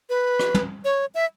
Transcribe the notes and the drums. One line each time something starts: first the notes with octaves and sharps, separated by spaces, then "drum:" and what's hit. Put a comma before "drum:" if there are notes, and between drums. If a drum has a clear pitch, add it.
B4
drum: rim click
drum: tom
C#5
E5